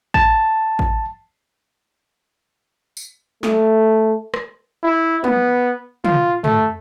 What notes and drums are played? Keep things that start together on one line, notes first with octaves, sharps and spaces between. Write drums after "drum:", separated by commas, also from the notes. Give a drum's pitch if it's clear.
A5, drum: kick A1
drum: kick A1
drum: tambourine
A3, drum: snare
drum: rim click
E4
B3, drum: tom
F4, drum: tom
A3, drum: tom